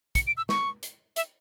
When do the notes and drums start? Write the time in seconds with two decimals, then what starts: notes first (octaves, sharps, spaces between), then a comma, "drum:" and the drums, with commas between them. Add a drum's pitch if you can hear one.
0.15 C#7, drum: kick, hi-hat
0.27 D7
0.37 E6
0.49 C#6, drum: snare
0.83 drum: hi-hat
1.16 E5, drum: hi-hat